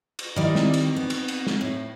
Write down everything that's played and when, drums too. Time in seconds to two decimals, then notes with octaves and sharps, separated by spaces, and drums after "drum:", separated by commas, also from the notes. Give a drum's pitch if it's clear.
0.19 drum: cymbal
0.36 D#3 G3 E4 D5 D#5
0.55 C4 D#4, drum: snare
0.74 drum: cymbal
0.96 B3
1.10 drum: cymbal
1.28 drum: cymbal
1.47 drum: snare
1.61 A2